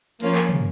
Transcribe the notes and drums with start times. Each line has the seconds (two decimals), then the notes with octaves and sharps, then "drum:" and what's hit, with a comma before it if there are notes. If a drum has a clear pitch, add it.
0.20 F3 A#3 C#4 F4, drum: hi-hat
0.35 drum: clap
0.49 drum: tom